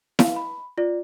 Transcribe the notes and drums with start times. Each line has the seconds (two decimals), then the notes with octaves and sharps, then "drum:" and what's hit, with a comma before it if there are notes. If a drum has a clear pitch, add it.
0.19 F5, drum: snare E4
0.36 B5
0.78 F4 D5